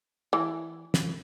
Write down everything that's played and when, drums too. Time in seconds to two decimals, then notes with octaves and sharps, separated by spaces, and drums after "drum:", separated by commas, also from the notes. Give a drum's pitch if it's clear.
0.33 E3
0.94 drum: snare